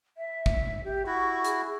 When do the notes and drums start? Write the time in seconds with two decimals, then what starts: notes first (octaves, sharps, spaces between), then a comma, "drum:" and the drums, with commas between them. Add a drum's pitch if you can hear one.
0.18 E5
0.46 drum: kick
0.84 G4
1.06 E4 F#4 C#6
1.44 G#4, drum: hi-hat